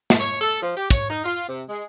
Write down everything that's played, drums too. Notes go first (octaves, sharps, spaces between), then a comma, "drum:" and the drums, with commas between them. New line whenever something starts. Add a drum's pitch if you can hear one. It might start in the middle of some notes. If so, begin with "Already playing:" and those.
drum: snare
C#5
A4
F3
G4
C#5, drum: kick, hi-hat
D#4
F4
C3
G#3